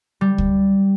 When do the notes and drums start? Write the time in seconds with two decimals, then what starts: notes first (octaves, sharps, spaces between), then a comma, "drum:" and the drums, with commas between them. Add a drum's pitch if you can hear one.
0.21 G3
0.38 drum: kick C#2